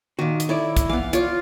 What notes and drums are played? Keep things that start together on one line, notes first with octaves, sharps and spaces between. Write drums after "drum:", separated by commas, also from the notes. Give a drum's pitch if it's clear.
A#2 D#3 F#4
drum: hi-hat
E4 A4 C#5 D5
drum: kick, hi-hat
E3 B3 F5
F4 C#5 D5, drum: hi-hat